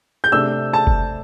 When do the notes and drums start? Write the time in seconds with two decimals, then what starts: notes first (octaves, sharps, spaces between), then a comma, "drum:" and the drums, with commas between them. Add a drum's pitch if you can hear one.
0.24 G6
0.32 C3 A3 D4 E6
0.73 A5
0.87 drum: kick F#1